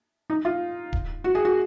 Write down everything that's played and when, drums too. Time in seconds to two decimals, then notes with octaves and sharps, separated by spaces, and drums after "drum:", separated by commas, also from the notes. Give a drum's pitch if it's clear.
0.30 D#4
0.45 F4
0.93 drum: kick D1
1.24 F#4
1.35 G#4
1.45 F#4